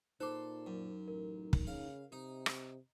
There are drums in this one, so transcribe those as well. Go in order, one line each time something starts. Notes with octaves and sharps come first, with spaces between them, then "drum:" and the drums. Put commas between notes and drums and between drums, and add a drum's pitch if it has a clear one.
A#2 D#4 A4 C5 C6 D6
F#2
A1 A#4
drum: kick
C#3 F5
C3 D#4
drum: rim click